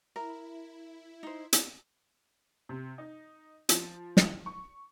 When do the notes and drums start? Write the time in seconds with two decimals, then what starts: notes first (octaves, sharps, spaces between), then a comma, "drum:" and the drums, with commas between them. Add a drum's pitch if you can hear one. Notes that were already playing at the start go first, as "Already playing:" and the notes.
0.16 E4 A#4
1.23 D#4 C5
1.53 drum: hi-hat
2.69 C3
2.98 D#4
3.69 F3, drum: hi-hat
4.17 drum: snare
4.46 C#6